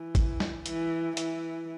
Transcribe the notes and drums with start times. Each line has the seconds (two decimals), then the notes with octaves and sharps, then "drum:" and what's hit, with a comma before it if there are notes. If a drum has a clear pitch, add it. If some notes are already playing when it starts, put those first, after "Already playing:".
Already playing: E3
0.15 drum: kick G#1, hi-hat
0.40 drum: snare
0.66 E3, drum: hi-hat
1.17 E3, drum: hi-hat